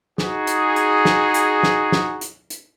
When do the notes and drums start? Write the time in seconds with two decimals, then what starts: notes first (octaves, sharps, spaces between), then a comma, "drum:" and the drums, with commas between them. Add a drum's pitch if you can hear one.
0.18 D#4 F#4 G#4, drum: snare
0.47 drum: hi-hat
0.76 drum: hi-hat
1.05 drum: snare
1.34 drum: hi-hat
1.63 drum: snare
1.92 drum: snare
2.21 drum: hi-hat
2.50 drum: hi-hat